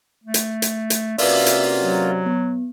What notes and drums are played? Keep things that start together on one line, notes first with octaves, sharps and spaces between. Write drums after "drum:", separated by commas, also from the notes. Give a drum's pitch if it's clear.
A3
drum: hi-hat
drum: hi-hat
drum: hi-hat
C3 A#3 C#4 F4 F#4 B4 D5 E5, drum: open hi-hat
drum: hi-hat
F#3
B3